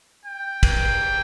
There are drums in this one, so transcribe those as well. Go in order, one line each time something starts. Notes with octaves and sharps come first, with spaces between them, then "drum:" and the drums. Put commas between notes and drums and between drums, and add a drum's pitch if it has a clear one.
G5
drum: kick, cymbal